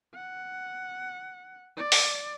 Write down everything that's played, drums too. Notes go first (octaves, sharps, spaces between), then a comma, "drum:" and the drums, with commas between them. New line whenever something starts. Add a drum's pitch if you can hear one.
F#5
D5
drum: open hi-hat